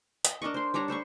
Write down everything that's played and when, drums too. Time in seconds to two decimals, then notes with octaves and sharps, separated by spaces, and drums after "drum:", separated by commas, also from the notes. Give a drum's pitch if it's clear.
0.25 D#5, drum: hi-hat
0.42 D4 A#4 D#5 C#6
0.54 C5 C6
0.74 G3 D4 C#5 A#5
0.88 A4 C5 B5 C#6